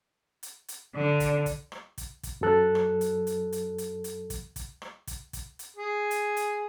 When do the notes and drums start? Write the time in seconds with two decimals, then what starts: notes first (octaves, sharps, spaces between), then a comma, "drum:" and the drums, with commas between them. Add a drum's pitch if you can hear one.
0.43 drum: hi-hat
0.68 drum: hi-hat
0.94 D3
1.20 drum: kick, hi-hat
1.46 drum: kick, hi-hat
1.72 drum: rim click
1.98 drum: kick, hi-hat
2.23 drum: kick, hi-hat
2.41 F#2 F#3 A4 F#6
2.75 drum: rim click
3.01 drum: hi-hat
3.27 drum: hi-hat
3.53 drum: hi-hat
3.78 drum: hi-hat
4.04 drum: hi-hat
4.30 drum: kick, hi-hat
4.56 drum: kick, hi-hat
4.82 drum: rim click
5.07 drum: kick, hi-hat
5.33 drum: kick, hi-hat
5.59 drum: hi-hat
5.76 G#4
6.11 drum: hi-hat
6.37 drum: hi-hat